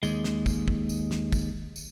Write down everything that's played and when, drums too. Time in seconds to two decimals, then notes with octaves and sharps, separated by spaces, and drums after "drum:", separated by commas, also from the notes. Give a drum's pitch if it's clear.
0.03 D#2 G#3, drum: tambourine
0.24 drum: snare
0.46 drum: kick, tambourine
0.68 drum: kick
0.89 drum: tambourine
1.11 drum: snare
1.32 drum: kick, tambourine
1.76 drum: tambourine